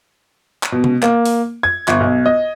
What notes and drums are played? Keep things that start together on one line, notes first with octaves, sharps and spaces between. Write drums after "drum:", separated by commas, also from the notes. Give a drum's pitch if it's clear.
drum: clap
B2
drum: tom C3
A#3, drum: clap
drum: open hi-hat
G#6
G1, drum: clap
B1
D#5